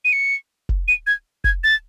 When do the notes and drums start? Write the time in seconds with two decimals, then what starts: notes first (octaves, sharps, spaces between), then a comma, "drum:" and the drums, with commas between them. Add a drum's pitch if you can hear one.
0.05 D#7
0.12 C#7
0.69 drum: kick F1
0.88 D#7
1.07 G#6
1.44 G#6, drum: kick F1
1.63 A6